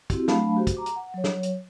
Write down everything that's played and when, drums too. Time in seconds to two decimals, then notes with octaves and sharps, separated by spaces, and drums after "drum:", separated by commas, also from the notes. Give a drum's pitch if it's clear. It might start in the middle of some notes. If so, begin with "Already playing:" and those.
0.10 C4 E4 F#4 G4, drum: kick, hi-hat
0.28 F#3 A3 D4 F5 A5 B5, drum: snare
0.56 F#4 G4 C5
0.67 drum: kick, hi-hat
0.77 A#5 D6
0.86 drum: hi-hat
0.96 F#5
1.14 F#3 C#5
1.24 drum: snare
1.43 drum: hi-hat